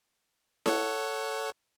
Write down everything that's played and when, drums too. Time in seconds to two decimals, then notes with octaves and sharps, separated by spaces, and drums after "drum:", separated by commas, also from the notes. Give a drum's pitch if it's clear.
0.66 A4 C#5 F#5, drum: snare E4